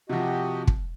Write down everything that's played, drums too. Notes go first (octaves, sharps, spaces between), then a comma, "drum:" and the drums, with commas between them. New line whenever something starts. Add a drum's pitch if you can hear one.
C3 F3 F#4 G4 D#5
drum: kick